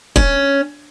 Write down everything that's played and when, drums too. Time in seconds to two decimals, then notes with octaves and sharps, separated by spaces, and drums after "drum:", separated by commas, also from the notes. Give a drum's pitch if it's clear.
0.16 C#4, drum: kick